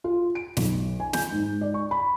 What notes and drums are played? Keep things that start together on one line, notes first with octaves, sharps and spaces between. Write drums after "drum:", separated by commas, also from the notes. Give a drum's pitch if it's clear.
F4
D7
B1, drum: snare
G#5
G6, drum: snare
G#2
D5
C#6
B5